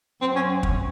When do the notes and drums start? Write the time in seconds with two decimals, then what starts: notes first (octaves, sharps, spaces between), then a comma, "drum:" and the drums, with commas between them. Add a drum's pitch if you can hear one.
0.21 F#2 C4
0.36 C#4
0.63 drum: kick